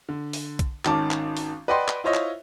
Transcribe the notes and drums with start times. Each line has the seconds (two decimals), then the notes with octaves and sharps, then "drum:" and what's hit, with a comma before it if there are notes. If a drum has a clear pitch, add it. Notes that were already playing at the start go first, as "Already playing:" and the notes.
0.09 D3
0.33 drum: open hi-hat
0.59 drum: kick, hi-hat
0.85 G#1 D#3 C#4 A5 D6, drum: clap
1.11 drum: clap
1.37 drum: open hi-hat
1.68 B4 D5 D#5 F#5 G5 C6
1.88 drum: clap
2.04 E4 F4 C5 C#5 D#5 E5
2.14 drum: clap